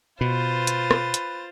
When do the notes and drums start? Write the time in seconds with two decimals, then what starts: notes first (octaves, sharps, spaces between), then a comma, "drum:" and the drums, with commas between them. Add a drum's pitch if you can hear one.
0.21 B2 F4 B4 C5 A6
0.67 drum: hi-hat
0.91 drum: rim click
1.14 drum: hi-hat